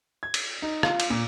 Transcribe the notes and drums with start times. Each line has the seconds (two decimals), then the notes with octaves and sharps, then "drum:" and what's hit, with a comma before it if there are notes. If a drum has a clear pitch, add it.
0.23 G#6
0.34 drum: cymbal
0.62 D#4
0.83 F4, drum: rim click
1.00 drum: cymbal
1.10 A#2